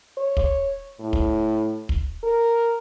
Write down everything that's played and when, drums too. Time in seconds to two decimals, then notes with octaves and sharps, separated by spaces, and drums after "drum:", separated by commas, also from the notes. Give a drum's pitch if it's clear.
0.18 C#5
0.37 drum: kick
1.00 A2
1.13 drum: kick
1.89 drum: kick
2.23 A#4